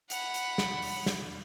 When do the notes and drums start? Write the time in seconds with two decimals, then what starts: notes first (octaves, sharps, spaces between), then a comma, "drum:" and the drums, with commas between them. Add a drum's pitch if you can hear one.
0.10 F#5 B5, drum: hi-hat
0.34 drum: hi-hat
0.58 drum: snare
0.82 drum: open hi-hat
1.06 drum: snare